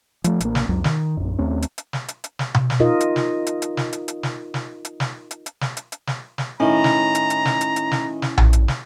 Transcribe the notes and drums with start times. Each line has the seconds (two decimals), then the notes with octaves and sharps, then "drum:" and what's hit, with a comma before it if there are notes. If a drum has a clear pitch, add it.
0.24 F3 A3, drum: hi-hat
0.40 A1 A#3, drum: hi-hat
0.55 drum: snare
0.69 C#2 F#2 F#3
0.84 D#3, drum: snare
1.17 A#1 F#2
1.39 D#2 A3 C4 C#4
1.62 drum: hi-hat
1.78 drum: hi-hat
1.93 drum: snare
2.08 drum: hi-hat
2.24 drum: hi-hat
2.39 drum: snare
2.54 drum: tom B2
2.70 drum: snare
2.80 D#4 F4 A#4 D#5
3.00 drum: hi-hat
3.16 drum: snare
3.47 drum: hi-hat
3.62 drum: hi-hat
3.77 drum: snare
3.93 drum: hi-hat
4.08 drum: hi-hat
4.23 drum: snare
4.54 drum: snare
4.85 drum: hi-hat
5.00 drum: snare
5.31 drum: hi-hat
5.46 drum: hi-hat
5.61 drum: snare
5.77 drum: hi-hat
5.92 drum: hi-hat
6.07 drum: snare
6.38 drum: snare
6.60 A2 D#3 C#4 E4 A#5
6.84 drum: snare
7.15 drum: hi-hat
7.30 drum: hi-hat
7.45 drum: snare
7.61 drum: hi-hat
7.76 drum: hi-hat
7.91 drum: snare
8.22 drum: snare
8.38 drum: tom A#1
8.53 drum: hi-hat
8.68 drum: snare